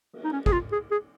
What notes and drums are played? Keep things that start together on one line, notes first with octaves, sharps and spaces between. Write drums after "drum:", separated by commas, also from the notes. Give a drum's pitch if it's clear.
drum: cymbal
D#4
C#4
G#4, drum: kick
F4
G#4
G#4